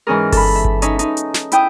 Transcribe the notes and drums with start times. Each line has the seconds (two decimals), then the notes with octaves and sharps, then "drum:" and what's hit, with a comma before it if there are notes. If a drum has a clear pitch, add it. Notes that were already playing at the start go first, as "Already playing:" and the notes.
0.07 G#2 E3 C#4 G#4 A#4
0.32 A4 B5, drum: kick G1, open hi-hat
0.55 E5
0.65 drum: kick G1
0.82 C#4 D#4 E5, drum: hi-hat
0.99 D#4, drum: hi-hat
1.17 drum: hi-hat
1.34 drum: snare
1.52 E4 G5 D#6, drum: hi-hat